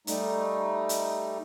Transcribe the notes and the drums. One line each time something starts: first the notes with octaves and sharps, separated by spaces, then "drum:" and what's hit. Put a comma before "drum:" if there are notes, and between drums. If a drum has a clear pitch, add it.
G3 A3 D#4, drum: hi-hat
drum: hi-hat